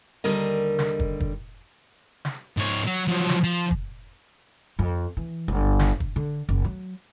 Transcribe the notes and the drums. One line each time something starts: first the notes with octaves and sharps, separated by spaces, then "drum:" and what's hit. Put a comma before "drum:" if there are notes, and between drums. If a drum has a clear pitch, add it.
D#2 D3 G3 A#4 D#5
drum: snare
drum: kick
drum: kick
drum: snare
G#2 C#5
F#3
F3 F#3
drum: snare
F3
drum: kick
F2
E3
G1
drum: snare
drum: kick
D3
F#1
F#3